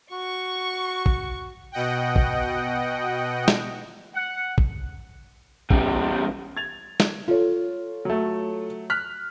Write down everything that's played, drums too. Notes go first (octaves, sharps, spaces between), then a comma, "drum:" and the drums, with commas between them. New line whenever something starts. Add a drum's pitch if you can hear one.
F#4 C#6
drum: kick A1
B2 D#5 F#5 G5
drum: kick A1
drum: snare
F#5
drum: kick A1
E2 G3, drum: kick A1
G#6 A6 F7
drum: snare
F4 A4 C#5
F#3 A3
F6 F#6 B6